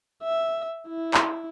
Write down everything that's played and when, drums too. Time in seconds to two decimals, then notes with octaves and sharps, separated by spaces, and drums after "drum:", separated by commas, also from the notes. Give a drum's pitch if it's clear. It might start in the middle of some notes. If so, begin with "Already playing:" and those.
0.23 E5
0.88 E4
1.14 drum: clap